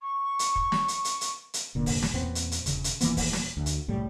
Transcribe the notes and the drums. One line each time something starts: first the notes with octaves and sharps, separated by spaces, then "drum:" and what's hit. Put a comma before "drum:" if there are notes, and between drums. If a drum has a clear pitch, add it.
C#6
drum: hi-hat
drum: kick
drum: snare
drum: hi-hat
drum: hi-hat
drum: hi-hat
drum: hi-hat
F1 A#2 D3
drum: kick, open hi-hat
drum: snare
E2 A#2 B3 C4
drum: hi-hat
drum: hi-hat
E1 C#3, drum: hi-hat
drum: hi-hat
D#1 E3 A#3 B3, drum: hi-hat
drum: kick, open hi-hat
drum: snare
D2
drum: hi-hat
C2 A2 G3